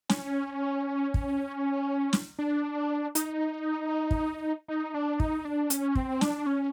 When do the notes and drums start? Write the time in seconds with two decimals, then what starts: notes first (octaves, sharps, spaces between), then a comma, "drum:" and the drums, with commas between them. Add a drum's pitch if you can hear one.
0.09 C#4, drum: snare
1.14 drum: kick
2.13 drum: snare
2.39 D4
3.15 D#4, drum: hi-hat
4.11 drum: kick
4.68 D#4
4.94 D4
5.20 D#4, drum: kick
5.45 D4
5.70 C#4, drum: hi-hat
5.95 C4, drum: kick
6.21 D4, drum: snare
6.46 C#4